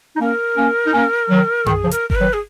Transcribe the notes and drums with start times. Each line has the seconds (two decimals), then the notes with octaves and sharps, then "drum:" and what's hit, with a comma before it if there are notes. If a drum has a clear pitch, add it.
0.17 D#4
0.21 A#3 C#4 A#4
0.57 A#3 C#4
0.87 D#4
0.94 A#3 C#4
1.30 D#3 F#3
1.66 D#3 G#4, drum: tom F#2
1.85 C#3 F3
1.91 A#4, drum: hi-hat
2.10 A#4, drum: kick G1
2.15 B4
2.21 D#3 F#3
2.33 G#4